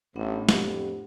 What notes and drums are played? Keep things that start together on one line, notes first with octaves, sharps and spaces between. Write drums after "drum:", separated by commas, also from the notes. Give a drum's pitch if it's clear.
A1 A2 B3 D4 F#5
F2 G4, drum: snare